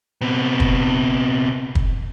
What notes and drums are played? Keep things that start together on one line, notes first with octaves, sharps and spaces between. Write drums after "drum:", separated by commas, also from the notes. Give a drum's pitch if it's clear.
C3 B3
drum: kick
drum: kick